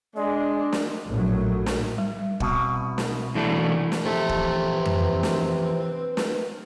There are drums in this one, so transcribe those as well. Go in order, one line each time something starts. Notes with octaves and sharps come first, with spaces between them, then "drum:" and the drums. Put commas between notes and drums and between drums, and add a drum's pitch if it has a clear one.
G#3 D4 D5
drum: snare
A#1 A2 F#3
drum: snare
G3
C2 B2, drum: kick
drum: snare
E3 A3 D4
drum: snare
C3 E3 F3 A3 A#3
drum: kick
C4 B4
drum: tom F2
drum: snare
drum: snare